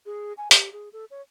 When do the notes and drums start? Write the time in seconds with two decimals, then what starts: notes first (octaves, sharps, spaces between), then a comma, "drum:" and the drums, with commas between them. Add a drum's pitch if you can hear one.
0.06 G#4
0.37 G#5
0.51 G4, drum: hi-hat
0.72 G#4
0.93 A4
1.11 C#5